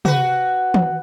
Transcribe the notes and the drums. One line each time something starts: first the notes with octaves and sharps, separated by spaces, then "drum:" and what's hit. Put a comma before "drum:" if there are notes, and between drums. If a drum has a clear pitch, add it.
F#4 B4, drum: tom C3
drum: tom